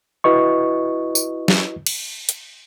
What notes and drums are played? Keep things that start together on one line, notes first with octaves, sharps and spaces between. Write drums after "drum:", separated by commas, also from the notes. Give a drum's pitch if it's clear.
E4 F#4 B4 D#5 C#6
drum: tambourine
drum: snare
drum: cymbal
drum: hi-hat